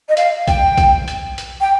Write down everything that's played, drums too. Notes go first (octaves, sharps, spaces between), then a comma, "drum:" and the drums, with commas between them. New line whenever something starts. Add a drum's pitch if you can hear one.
D#5
F5, drum: hi-hat
G5, drum: kick, hi-hat
drum: kick, hi-hat
drum: hi-hat
drum: hi-hat
G5